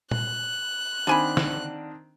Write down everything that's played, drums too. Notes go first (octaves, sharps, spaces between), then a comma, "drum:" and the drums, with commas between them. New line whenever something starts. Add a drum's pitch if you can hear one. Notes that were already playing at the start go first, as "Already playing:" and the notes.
F#6, drum: tom A#2
D3 D#3 C4 D4 G#5 B5
drum: snare